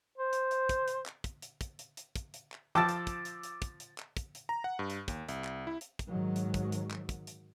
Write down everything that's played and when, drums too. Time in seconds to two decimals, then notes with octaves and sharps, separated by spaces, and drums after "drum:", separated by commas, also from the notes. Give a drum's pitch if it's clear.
0.18 C5
0.33 drum: hi-hat
0.51 drum: hi-hat
0.69 drum: kick, hi-hat
0.88 drum: hi-hat
1.06 drum: clap
1.24 drum: kick, hi-hat
1.42 drum: hi-hat
1.61 drum: kick, hi-hat
1.79 drum: hi-hat
1.97 drum: hi-hat
2.16 drum: kick, hi-hat
2.34 drum: hi-hat
2.52 drum: clap
2.75 F3 G5 A5 D6 E6 A6
2.89 drum: hi-hat
3.07 drum: kick, hi-hat
3.25 drum: hi-hat
3.43 drum: hi-hat
3.62 drum: kick, hi-hat
3.80 drum: hi-hat
3.98 drum: clap
4.17 drum: kick, hi-hat
4.35 drum: hi-hat
4.49 A#5
4.64 F#5
4.79 G2
4.90 drum: hi-hat
5.08 D#2, drum: kick, hi-hat
5.29 C2, drum: hi-hat
5.44 drum: clap
5.67 E4
5.81 drum: hi-hat
5.99 drum: kick, hi-hat
6.09 G#2 D#3 F#3
6.36 drum: hi-hat
6.54 drum: kick, hi-hat
6.72 drum: hi-hat
6.91 drum: clap
7.09 drum: kick, hi-hat
7.27 drum: hi-hat